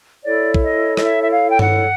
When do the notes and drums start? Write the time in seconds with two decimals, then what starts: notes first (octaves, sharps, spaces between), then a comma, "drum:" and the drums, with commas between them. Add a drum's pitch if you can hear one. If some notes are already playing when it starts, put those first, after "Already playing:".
0.24 E4 A4 C#5 D5
0.54 drum: kick
0.64 D#5
0.97 D#5, drum: rim click
1.05 E5
1.22 E5
1.31 F5
1.50 G5
1.59 F#5, drum: tom G2